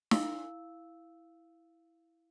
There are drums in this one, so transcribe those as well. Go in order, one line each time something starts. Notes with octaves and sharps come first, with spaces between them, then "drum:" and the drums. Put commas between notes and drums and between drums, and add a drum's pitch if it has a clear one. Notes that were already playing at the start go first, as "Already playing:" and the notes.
E4 F5 E6, drum: snare